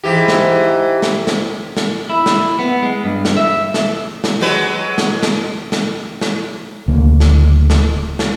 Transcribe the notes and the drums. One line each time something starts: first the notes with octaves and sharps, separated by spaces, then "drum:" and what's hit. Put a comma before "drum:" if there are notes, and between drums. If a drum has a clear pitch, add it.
G#2 E3 G4
drum: snare
drum: snare
drum: snare
drum: snare
E4
drum: snare
B3
G#3
G2
drum: snare
E5
drum: snare
drum: snare
F#3 G#3 B4
drum: snare
drum: snare
drum: snare
drum: snare
D1 D2 C#3 A#3
drum: snare
drum: snare
drum: snare